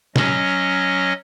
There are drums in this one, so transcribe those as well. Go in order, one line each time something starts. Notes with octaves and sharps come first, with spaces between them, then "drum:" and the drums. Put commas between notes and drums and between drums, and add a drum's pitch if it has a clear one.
F#3 C#4 D#5, drum: snare